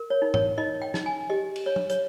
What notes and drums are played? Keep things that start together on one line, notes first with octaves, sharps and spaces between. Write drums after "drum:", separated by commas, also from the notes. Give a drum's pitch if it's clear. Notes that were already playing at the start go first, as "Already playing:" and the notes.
Already playing: A#4
C#5
D#4
C#5, drum: tom
D#4 D#5
G5
D#4, drum: snare
G#5
G4 D#5
drum: cymbal
C#5
drum: tom
C#5, drum: hi-hat